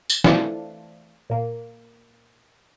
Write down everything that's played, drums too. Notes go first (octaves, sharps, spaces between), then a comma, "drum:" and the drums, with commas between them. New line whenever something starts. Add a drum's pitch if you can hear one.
drum: tambourine
E3 A3 C4 D4 E4 F4, drum: snare
A#2 A#3